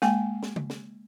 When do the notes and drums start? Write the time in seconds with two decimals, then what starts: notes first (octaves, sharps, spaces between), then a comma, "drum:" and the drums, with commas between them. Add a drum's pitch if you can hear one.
0.02 G#3 A#3 G5 G#5, drum: snare
0.43 drum: snare
0.56 drum: tom C#3
0.70 drum: snare